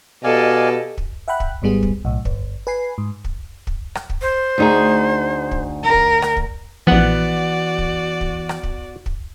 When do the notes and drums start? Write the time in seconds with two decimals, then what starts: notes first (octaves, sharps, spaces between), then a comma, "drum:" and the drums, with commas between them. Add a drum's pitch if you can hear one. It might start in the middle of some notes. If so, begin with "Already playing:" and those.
0.24 B2 G4 A4 D5 D#5 F5 G#5
0.98 drum: kick
1.28 E5 F#5 G5 B5 F#6
1.40 drum: kick
1.62 G#1 G#2 G3 B3 G#4
1.83 drum: kick
2.05 B1 A2
2.25 G1, drum: kick
2.67 B4 G#5 C7
2.98 G#2
3.24 drum: kick
3.67 drum: kick
3.95 drum: rim click
4.10 drum: kick
4.22 C5
4.58 D2 D#4 G#4
5.51 drum: kick
5.84 A#4
5.94 drum: kick
6.22 drum: rim click
6.36 drum: kick
6.87 A#1 E3 F3 B3 F#4 D5 F#5
7.78 drum: kick
8.21 drum: kick
8.49 drum: rim click
8.63 drum: kick
9.06 drum: kick